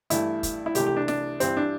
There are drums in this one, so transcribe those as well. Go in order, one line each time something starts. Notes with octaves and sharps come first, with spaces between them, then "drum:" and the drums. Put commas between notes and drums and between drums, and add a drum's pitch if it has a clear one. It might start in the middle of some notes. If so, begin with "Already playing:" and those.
G2 E3 A3 E4, drum: hi-hat
drum: kick, hi-hat
E4
C2 C3 E3 A3 G4, drum: hi-hat
G4
D4
D4, drum: snare
G2 E3 G3 C4, drum: hi-hat
D4